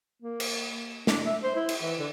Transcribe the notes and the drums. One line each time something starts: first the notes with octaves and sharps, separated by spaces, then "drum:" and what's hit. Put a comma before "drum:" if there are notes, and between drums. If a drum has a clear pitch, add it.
A#3
drum: cymbal
D4, drum: snare
E5
C5
E4
drum: cymbal
E3
D3